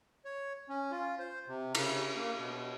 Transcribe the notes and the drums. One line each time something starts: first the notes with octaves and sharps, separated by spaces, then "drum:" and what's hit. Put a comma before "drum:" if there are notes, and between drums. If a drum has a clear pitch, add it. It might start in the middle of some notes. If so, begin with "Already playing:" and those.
C#5
C#4
F4
C5
C3
C#3, drum: cymbal
A#3
B2